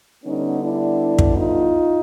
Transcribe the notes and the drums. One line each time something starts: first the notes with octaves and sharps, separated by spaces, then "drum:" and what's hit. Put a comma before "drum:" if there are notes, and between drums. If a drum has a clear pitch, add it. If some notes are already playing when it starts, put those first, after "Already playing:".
D3 G3 B3 C#4 D#4
D4 E4
drum: kick
D#4 F4